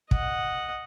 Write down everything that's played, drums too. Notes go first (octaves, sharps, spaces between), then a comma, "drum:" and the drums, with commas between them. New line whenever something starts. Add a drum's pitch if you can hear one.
D#5 F#5, drum: kick